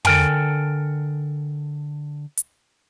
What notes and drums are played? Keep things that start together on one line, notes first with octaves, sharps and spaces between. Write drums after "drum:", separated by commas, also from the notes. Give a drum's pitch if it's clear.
D3 A4 A#4 F5 G5 G#5, drum: tom
drum: hi-hat